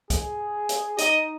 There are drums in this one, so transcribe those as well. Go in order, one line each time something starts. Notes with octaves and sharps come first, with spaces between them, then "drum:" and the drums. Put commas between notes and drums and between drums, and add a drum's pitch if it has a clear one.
G#4, drum: kick, hi-hat
drum: hi-hat
D#4 D#5, drum: hi-hat